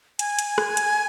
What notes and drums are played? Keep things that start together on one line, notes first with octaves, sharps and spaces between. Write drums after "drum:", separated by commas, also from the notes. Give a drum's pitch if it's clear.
G#5, drum: hi-hat
drum: hi-hat
drum: rim click
drum: hi-hat